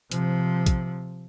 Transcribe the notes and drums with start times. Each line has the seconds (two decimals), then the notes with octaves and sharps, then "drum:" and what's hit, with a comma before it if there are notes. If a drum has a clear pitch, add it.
0.12 C3 F3, drum: hi-hat
0.66 drum: kick, hi-hat